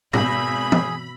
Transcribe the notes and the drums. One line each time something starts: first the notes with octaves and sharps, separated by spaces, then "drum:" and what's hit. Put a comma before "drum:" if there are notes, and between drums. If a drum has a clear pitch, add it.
G#1 B2 G#4 B5 E6 A#6, drum: tom G#2
drum: tom E3